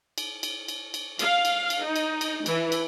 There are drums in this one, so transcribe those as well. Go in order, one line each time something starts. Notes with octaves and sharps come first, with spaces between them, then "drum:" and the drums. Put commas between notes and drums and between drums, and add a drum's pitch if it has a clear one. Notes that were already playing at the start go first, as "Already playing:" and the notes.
drum: cymbal
drum: cymbal
drum: cymbal
drum: cymbal
F5, drum: cymbal
drum: cymbal
drum: cymbal
D#4
drum: cymbal
drum: cymbal
E3, drum: cymbal
drum: cymbal